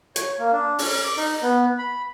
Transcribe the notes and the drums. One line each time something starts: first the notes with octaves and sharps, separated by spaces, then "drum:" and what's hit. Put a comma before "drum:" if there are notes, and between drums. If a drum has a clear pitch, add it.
C#5, drum: hi-hat
A#3
D4
C#4, drum: open hi-hat
D6
D#4
B3
B5